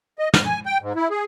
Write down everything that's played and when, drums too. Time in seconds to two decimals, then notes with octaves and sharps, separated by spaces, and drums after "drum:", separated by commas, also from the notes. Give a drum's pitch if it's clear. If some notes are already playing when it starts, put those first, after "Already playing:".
0.19 D#5
0.34 F6, drum: snare
0.45 G#5
0.66 G5
0.82 G#2
0.95 E4
1.10 G#4